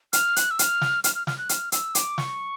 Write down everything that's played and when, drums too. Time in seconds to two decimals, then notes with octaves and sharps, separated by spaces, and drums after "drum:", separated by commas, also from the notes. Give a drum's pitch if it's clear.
0.13 F6, drum: hi-hat
0.36 F#6, drum: hi-hat
0.51 E6
0.59 F6, drum: hi-hat
0.81 drum: snare
1.04 F6, drum: hi-hat
1.15 F6
1.27 F6, drum: snare
1.38 F#6
1.49 F6, drum: hi-hat
1.72 E6, drum: hi-hat
1.95 D6, drum: hi-hat
2.18 C#6, drum: snare